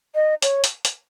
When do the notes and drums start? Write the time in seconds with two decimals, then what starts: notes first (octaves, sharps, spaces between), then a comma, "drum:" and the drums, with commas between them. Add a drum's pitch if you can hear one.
0.15 D#5
0.42 C#5, drum: hi-hat
0.64 drum: hi-hat
0.85 drum: hi-hat